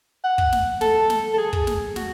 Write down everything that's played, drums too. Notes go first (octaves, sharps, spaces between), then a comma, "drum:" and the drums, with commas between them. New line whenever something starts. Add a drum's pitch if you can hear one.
F#5
drum: kick
drum: snare
A4, drum: snare
drum: snare
A4
G#4
drum: kick
drum: snare
F#4, drum: snare